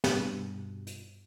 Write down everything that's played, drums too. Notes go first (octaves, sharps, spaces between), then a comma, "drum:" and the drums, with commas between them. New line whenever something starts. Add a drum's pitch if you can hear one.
G2 B2, drum: snare
drum: hi-hat